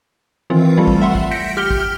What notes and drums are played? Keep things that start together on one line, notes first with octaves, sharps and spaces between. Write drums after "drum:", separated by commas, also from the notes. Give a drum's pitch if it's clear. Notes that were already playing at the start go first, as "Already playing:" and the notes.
D#3 E3 C4 F4
E3 G3 A3 F4 A4
drum: kick
E5 F#5 C6
drum: kick
G6 A#6 B6 C#7 D7
G4 F6 G6 G7
drum: kick
F6